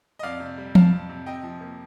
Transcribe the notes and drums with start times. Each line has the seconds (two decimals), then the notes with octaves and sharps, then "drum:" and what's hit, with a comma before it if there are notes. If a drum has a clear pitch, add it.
0.19 D#5
0.23 F2 D5 F5
0.40 C3
0.58 G3
0.75 F2 F5 A5, drum: tom F3
0.93 F2
1.09 C3
1.26 C3 D#5 G5
1.43 F3
1.61 A#3